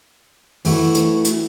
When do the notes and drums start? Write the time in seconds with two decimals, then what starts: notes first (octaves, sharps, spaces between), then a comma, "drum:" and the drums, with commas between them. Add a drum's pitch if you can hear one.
0.65 E3 A3 F#4, drum: open hi-hat
0.95 drum: hi-hat
1.25 drum: hi-hat